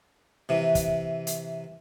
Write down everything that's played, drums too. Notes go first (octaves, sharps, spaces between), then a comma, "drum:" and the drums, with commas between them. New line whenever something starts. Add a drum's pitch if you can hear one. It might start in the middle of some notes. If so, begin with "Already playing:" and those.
C3 E3
drum: kick, hi-hat
drum: hi-hat